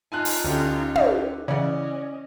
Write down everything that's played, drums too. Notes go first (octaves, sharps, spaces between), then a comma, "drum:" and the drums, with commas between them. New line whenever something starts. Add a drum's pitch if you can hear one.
D#4 F4 G#5 A5 F#6
drum: open hi-hat
D2 C#4 G4 A4
drum: tom
C#3 E3 C#4 D5 D#5 F#5